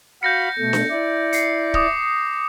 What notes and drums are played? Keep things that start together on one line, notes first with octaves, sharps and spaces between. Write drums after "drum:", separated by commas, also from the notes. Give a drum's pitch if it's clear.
F#4 F5 B5 G6 A#6 C#7
B2 A3
drum: snare D4
E4 D5
C7 C#7, drum: hi-hat
D6 D#6 A#6, drum: kick